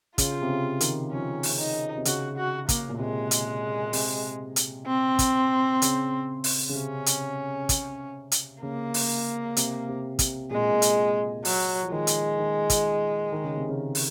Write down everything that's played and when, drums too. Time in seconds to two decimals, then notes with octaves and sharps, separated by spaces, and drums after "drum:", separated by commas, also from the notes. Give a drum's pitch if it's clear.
0.18 C#3 F4, drum: kick, hi-hat
0.42 C3
0.49 C#3
0.81 D#3, drum: hi-hat
1.11 F3 C#4
1.43 drum: open hi-hat
1.59 D#4
1.97 C3
2.05 C#3 F#4, drum: hi-hat
2.37 F#4
2.69 A#3, drum: kick, hi-hat
2.89 A#2
2.99 C3 G#3
3.31 drum: hi-hat
3.93 C3, drum: open hi-hat
4.56 drum: hi-hat
4.87 C4
5.19 drum: kick, hi-hat
5.82 C#3, drum: hi-hat
6.44 drum: open hi-hat
6.69 C#3
6.75 C3 C#4
7.06 drum: hi-hat
7.69 drum: kick, hi-hat
8.32 drum: hi-hat
8.63 C#3 A#3
8.94 drum: open hi-hat
9.57 C3, drum: hi-hat
9.89 C3
10.19 C3, drum: kick, hi-hat
10.50 A#2 G#3
10.61 C3
10.71 A#2
10.82 drum: hi-hat
11.45 F#3, drum: open hi-hat
11.83 F3
11.92 D#3 G#3
12.07 drum: hi-hat
12.38 D#3
12.70 drum: kick, hi-hat
13.32 D#3
13.44 C#3
13.57 C3
13.69 C#3
13.95 drum: open hi-hat